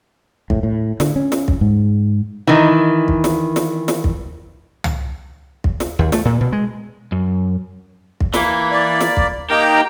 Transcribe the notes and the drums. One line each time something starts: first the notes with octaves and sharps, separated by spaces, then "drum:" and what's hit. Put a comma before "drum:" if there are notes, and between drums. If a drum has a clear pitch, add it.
A2, drum: kick
A2
D3, drum: snare
C#4
drum: snare
drum: kick
G#2
D#3 E3
drum: kick
drum: snare
drum: snare
drum: snare
drum: kick
drum: tom
drum: kick
drum: snare
D#2
A3, drum: snare
A#2
B2
G#3
F#2
drum: kick
E3 A#3 B5, drum: snare
D5
drum: snare
drum: kick
A#3 D#4 G4 A#4 G5 A#5